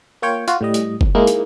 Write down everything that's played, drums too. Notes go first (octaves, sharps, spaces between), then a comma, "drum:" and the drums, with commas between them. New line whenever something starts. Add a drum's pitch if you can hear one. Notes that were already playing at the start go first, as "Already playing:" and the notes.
A#3 F4 C#5 G5
F4 F#4, drum: hi-hat
A2 G3 D#5
drum: hi-hat
drum: kick
G#3 A#3 D#4 E4
drum: hi-hat